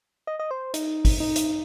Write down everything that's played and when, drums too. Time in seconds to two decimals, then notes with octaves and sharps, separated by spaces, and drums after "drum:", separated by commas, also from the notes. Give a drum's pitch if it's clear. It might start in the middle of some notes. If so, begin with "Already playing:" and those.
0.27 D#5
0.40 D#5
0.51 C5
0.74 D#4, drum: hi-hat
1.05 drum: kick, open hi-hat
1.20 D#4
1.35 drum: hi-hat